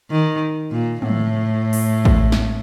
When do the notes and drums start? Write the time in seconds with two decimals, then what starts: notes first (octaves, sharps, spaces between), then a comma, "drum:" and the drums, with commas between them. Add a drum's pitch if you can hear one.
0.11 D#3
0.72 A#2
1.02 A2, drum: tom
1.73 drum: open hi-hat
2.05 drum: kick A1
2.32 drum: snare